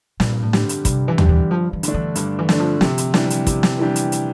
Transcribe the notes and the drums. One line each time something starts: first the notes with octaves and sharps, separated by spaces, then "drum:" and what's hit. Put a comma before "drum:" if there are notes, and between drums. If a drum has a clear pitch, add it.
G2 A#2, drum: snare
A2
D3 G3 D4 G4, drum: snare
drum: hi-hat
G2 C3, drum: kick, hi-hat
E3
D3 G3 D4 G4, drum: tom
E3
G2 F3
E3
D3 A3 D4, drum: hi-hat
E3
G2 D3, drum: hi-hat
E3
D3 A3 D4, drum: snare
F3
C3 F3, drum: snare
drum: hi-hat
E3 G3 D4 G4, drum: snare
drum: hi-hat
C3, drum: kick, hi-hat
drum: snare
E3 G3 D4 G4
drum: hi-hat
drum: hi-hat